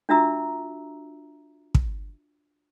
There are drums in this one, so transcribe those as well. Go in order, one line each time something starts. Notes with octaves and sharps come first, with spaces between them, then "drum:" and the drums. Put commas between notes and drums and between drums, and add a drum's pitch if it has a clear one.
D4 F4 F#4 E5 A#5 E6
drum: kick